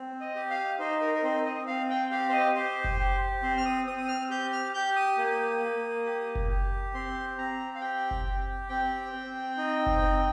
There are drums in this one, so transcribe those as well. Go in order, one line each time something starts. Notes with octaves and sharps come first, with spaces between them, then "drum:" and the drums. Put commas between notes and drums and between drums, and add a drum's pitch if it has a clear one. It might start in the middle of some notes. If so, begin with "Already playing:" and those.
Already playing: C4
D#5
G4
F5
D#4 C5
A#4
A#4
C4 C5
D#5
C4 F5
G5
G4 F5
C5
D#5
G4 C5
drum: kick F#1
G4
C4 C5
F6
D#6
C4 D#6
D#6
F6
G4 G6
F6
G4 G6
D#6
A#3
A#3
G4
drum: kick F#1
G4
C4 C6
C4 A#5
F5
G4 G5
drum: kick F#1
G4
C4 G5
C4
D#4
drum: kick F#1
C4